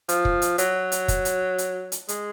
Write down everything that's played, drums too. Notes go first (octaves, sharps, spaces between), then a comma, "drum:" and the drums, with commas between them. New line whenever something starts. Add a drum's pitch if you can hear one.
F3, drum: hi-hat
drum: kick
drum: hi-hat
F#3, drum: hi-hat
drum: hi-hat
drum: kick, hi-hat
drum: hi-hat
drum: hi-hat
drum: hi-hat
G#3, drum: hi-hat